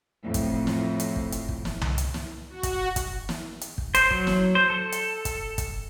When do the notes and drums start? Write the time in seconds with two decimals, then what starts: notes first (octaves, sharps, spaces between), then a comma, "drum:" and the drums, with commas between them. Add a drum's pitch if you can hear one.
0.24 F2 A2
0.34 drum: kick, hi-hat
0.67 drum: snare
1.00 drum: hi-hat
1.16 drum: kick
1.32 drum: hi-hat
1.49 drum: kick
1.65 drum: snare
1.81 drum: tom C2
1.98 drum: hi-hat
2.14 drum: snare
2.49 F#4
2.63 drum: kick, hi-hat
2.96 drum: kick, hi-hat
3.29 drum: snare
3.61 drum: hi-hat
3.78 drum: kick
3.95 C5, drum: hi-hat
4.11 F#3, drum: kick
4.27 drum: snare
4.55 C5
4.70 A4
4.92 drum: hi-hat
5.25 drum: kick, hi-hat
5.58 drum: kick, hi-hat